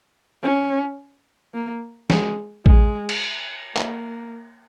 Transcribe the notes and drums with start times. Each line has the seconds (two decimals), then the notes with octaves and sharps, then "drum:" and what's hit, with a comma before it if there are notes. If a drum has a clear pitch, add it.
0.43 C#4
1.54 A#3
2.10 G#3, drum: snare
2.66 G#3, drum: kick A1
3.09 drum: cymbal
3.77 A#3, drum: clap